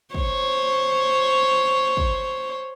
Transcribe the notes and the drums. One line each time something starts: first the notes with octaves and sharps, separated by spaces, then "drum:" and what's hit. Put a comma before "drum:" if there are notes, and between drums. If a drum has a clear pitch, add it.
C5 C#5, drum: kick
drum: kick